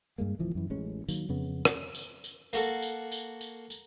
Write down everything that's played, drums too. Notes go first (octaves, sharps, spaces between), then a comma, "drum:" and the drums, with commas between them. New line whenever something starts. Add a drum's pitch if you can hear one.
G2 G#3 A#3
D1 E3 F3
F#2 E3
A1 G#3 C#4
D#3 F#3 A#3, drum: tambourine
F2 C#3 B3
drum: rim click
drum: tambourine
drum: tambourine
A#3 F#4 A4, drum: tambourine
drum: tambourine
drum: tambourine
drum: tambourine
drum: tambourine